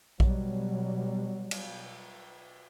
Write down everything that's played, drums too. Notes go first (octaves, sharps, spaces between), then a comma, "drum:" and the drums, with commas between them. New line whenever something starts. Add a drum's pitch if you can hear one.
B2 F#3 G3, drum: kick A#1
drum: cymbal